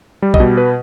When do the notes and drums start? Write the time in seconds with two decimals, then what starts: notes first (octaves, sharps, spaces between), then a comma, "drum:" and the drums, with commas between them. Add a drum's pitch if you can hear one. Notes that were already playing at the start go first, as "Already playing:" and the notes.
0.22 G3
0.34 D#5, drum: kick
0.40 B2
0.57 B4